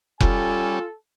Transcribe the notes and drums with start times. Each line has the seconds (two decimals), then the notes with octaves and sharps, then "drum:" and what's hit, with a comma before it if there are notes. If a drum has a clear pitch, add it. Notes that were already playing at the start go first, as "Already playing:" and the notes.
0.20 G3 C#4 F4 A4 G#5, drum: kick F1